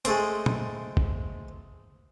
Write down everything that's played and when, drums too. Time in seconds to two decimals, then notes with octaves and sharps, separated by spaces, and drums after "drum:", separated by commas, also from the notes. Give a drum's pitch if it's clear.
0.05 G#3 A3 C4, drum: hi-hat
0.46 drum: tom
0.97 drum: kick